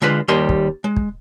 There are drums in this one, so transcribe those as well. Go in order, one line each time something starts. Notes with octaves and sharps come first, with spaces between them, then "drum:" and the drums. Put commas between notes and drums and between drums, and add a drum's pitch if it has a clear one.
D3 G#3 F4 B4 C5
D#2 G3 A#4 C5 D#5 C6
drum: kick
G#3
drum: kick